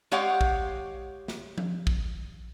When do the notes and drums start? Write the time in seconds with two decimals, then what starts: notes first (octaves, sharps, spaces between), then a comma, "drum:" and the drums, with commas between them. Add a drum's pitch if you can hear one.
0.11 G#3 G4 C#5 F5 F#5
0.41 drum: kick
1.28 drum: snare
1.58 drum: tom F3
1.87 drum: kick